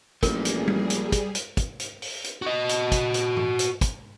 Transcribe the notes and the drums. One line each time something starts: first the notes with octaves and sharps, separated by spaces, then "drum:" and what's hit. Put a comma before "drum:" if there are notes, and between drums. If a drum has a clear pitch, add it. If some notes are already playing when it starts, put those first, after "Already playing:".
A1 F3 G3 A#3 G#4 A#4, drum: kick, hi-hat
drum: hi-hat
drum: tom G3
drum: hi-hat
drum: kick, hi-hat
drum: hi-hat
drum: kick, hi-hat
drum: hi-hat
drum: open hi-hat
drum: hi-hat
F#4 D#5
drum: hi-hat
drum: kick, hi-hat
drum: hi-hat
drum: tom G#2
drum: hi-hat
drum: kick, hi-hat